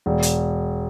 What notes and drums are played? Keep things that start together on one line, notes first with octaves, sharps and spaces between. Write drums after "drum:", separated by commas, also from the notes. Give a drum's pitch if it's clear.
E1
drum: hi-hat